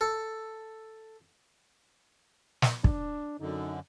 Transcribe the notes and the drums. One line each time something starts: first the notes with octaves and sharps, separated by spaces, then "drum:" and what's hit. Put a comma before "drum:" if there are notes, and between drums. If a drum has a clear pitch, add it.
A4
drum: snare
D4, drum: kick
F#2 D3 D#4